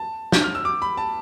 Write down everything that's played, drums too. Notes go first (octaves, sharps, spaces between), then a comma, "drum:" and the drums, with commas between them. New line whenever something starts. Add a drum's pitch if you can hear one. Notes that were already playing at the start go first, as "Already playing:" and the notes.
Already playing: A5
G6, drum: snare
F6
E6
D6
B5
A5